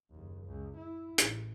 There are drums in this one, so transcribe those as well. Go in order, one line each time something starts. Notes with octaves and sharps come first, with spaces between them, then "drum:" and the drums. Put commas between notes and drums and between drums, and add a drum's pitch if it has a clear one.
F#1 D#2
C#2
E4
A1, drum: hi-hat